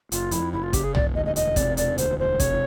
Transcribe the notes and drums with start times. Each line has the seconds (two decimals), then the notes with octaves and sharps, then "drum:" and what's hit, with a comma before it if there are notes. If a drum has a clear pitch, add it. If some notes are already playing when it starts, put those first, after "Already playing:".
0.12 F#1 F4, drum: hi-hat
0.31 F2 E4, drum: hi-hat
0.53 F#1 E4
0.63 F4
0.73 C#3 G4, drum: kick, hi-hat
0.84 G#4
0.95 E1 D5, drum: tom
1.15 D2 D#5
1.25 D#5
1.36 E1 D#5, drum: hi-hat
1.56 C3 D5, drum: kick, hi-hat
1.77 E1 D5, drum: hi-hat
1.98 D2 C5, drum: hi-hat
2.18 E1 C5
2.40 C3 C#5, drum: kick, hi-hat